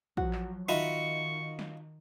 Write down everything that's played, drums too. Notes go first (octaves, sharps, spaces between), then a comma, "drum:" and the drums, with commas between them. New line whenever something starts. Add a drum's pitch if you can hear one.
F3 F#3 F#4, drum: kick
drum: clap
D#3 D#4 F4 F#4 E5 B5 C#6
drum: snare